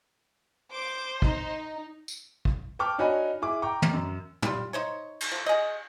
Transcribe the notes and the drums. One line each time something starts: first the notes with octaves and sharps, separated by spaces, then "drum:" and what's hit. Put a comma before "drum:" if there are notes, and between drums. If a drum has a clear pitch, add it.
C5 D6
D#4, drum: kick
drum: tambourine
drum: kick
G5 A5 C#6 D6 F6
D4 D#4 F#4 C#5 G#5 B5
E4 G#4 D6
G5 A#5 C#6 D6
drum: tom
F#2
G3 F4, drum: tom
D#4 C5 C#5
drum: cymbal
F3 A4
G#4 D#5